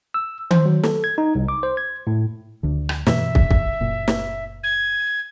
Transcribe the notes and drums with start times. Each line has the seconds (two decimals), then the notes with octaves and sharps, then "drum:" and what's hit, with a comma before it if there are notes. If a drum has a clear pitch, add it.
0.14 E6
0.51 C5, drum: tom D#3
0.66 F#3
0.83 A4, drum: snare
1.04 G#6
1.18 D#4
1.35 C2
1.48 D6
1.63 C5
1.77 G#6
2.07 A2
2.63 D2 D3
2.89 drum: rim click
3.06 G2 B2 E3 E5, drum: snare
3.35 drum: kick
3.50 drum: kick
3.81 F#1 A#2
4.08 drum: snare
4.63 G#6